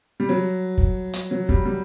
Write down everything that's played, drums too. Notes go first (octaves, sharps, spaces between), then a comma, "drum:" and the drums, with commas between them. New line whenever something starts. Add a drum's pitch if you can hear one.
G3
F#3
drum: kick
drum: hi-hat
F#3
G3, drum: kick
G3